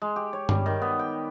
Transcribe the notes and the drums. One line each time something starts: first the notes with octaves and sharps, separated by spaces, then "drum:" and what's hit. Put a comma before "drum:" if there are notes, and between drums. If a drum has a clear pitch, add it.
G#3
G4
C#5
G3, drum: tom G2
D#3
B3
G5